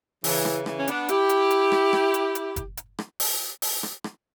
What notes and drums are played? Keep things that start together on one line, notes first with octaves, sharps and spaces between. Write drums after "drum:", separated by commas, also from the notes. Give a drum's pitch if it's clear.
C#3 E3, drum: open hi-hat
drum: rim click
C#3 E3, drum: rim click
C#4
B3 D4, drum: hi-hat
E4 G4, drum: hi-hat
drum: hi-hat
drum: hi-hat
drum: rim click
drum: rim click
drum: hi-hat
drum: hi-hat
drum: kick F#1, hi-hat
drum: hi-hat
drum: rim click
drum: open hi-hat
drum: open hi-hat
drum: rim click
drum: rim click